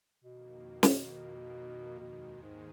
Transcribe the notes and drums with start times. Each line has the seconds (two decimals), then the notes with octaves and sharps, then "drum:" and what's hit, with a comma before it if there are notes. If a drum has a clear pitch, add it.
0.24 F2 B2 D#3 A#3
0.83 drum: snare
1.99 D#2 B2 D#3 G#3
2.43 G#2